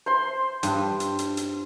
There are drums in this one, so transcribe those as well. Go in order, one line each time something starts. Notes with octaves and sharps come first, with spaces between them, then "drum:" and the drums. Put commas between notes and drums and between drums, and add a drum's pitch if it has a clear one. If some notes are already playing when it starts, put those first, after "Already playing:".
C5 C6
G2, drum: hi-hat
drum: hi-hat
drum: hi-hat
drum: hi-hat